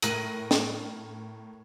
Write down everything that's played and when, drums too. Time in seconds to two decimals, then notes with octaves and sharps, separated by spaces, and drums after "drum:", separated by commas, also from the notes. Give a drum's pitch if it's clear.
0.02 A2 A#4 F#6 A#6 D#7 F#7, drum: hi-hat
0.51 drum: snare